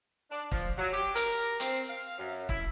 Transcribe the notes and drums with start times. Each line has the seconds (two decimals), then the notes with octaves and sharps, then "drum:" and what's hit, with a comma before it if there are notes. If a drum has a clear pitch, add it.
0.31 D4
0.51 F3, drum: kick
0.78 F#3
0.93 G4
1.16 A#4, drum: hi-hat
1.60 C4, drum: hi-hat
1.89 F5
2.19 F#2
2.49 E4, drum: kick